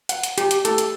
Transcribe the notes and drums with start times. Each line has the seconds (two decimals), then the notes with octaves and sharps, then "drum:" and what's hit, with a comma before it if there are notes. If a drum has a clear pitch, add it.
0.09 F#5, drum: hi-hat
0.23 drum: hi-hat
0.38 G4, drum: hi-hat
0.51 drum: hi-hat
0.65 A3 E4 G4 A4, drum: hi-hat
0.78 drum: hi-hat